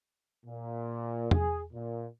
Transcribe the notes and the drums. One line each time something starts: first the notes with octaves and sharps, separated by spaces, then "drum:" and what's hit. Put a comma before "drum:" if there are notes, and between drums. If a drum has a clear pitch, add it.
A#2
G#4, drum: tom E2
A#2